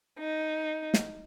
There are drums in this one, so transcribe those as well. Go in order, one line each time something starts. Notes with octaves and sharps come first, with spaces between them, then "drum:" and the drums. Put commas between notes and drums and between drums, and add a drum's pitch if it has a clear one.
D#4
drum: snare